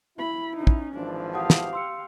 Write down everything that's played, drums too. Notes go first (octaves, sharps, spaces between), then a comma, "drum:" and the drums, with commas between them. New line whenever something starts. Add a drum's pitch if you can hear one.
E4 B5
C#4 D#4
drum: kick
G#1 E3 F3 D4
G4 F5 F#5 A5 D#6
drum: snare
C6 E6 C#7